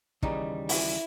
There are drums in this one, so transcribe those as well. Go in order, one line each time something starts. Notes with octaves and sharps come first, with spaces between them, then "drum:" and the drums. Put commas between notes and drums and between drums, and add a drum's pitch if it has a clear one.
D#2 C#3 E3 G3 D#4, drum: kick
E4, drum: open hi-hat